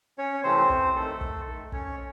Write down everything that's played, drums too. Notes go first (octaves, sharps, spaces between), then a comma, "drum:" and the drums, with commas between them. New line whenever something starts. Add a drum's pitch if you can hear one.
C#4 C#5
C3 E3 A3 C4 C5
drum: kick
D#3 A3 A4
drum: kick
D#3 A3
C#4 C#5, drum: kick